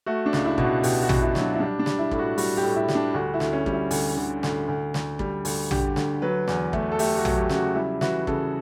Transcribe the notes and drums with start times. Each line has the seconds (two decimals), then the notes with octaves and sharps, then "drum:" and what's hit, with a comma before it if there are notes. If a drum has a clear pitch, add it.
0.06 A3 F#4
0.26 D4
0.33 C#2, drum: snare
0.45 E4
0.58 B2, drum: kick
0.64 F#4
0.83 B2 G4, drum: open hi-hat
1.03 F#4
1.09 B2, drum: tom
1.22 E4
1.35 F#3, drum: snare
1.41 D4
1.54 E4
1.60 G3 D4
1.79 D4
1.86 G3, drum: snare
1.99 E4
2.11 A2, drum: kick
2.19 F#4
2.38 G3 F#4, drum: open hi-hat
2.57 G4
2.63 A2
2.76 E4
2.88 G3, drum: snare
2.95 D4
3.14 D2 F#4
3.34 E4
3.40 D2, drum: snare
3.53 C#4
3.66 G3, drum: kick
3.73 E4
3.91 D2, drum: open hi-hat
4.17 D3
4.43 D2, drum: snare
4.68 D2
4.94 D2, drum: snare
5.19 G3, drum: kick
5.45 D2, drum: open hi-hat
5.71 D3 G4, drum: tom
5.96 D2, drum: snare
6.22 F#3 B4
6.48 E2, drum: snare
6.73 A3, drum: kick
6.92 A4
6.99 A3 G4, drum: open hi-hat
7.18 F#4
7.25 F#3, drum: tom
7.38 G4
7.49 C#3, drum: snare
7.56 F#4
7.75 G3 E4
8.01 E3 F#4, drum: snare
8.27 C#3 A4, drum: kick